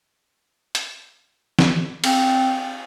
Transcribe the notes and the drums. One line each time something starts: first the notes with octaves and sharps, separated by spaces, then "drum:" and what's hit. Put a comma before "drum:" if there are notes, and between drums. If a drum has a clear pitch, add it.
drum: hi-hat
drum: snare
C4, drum: cymbal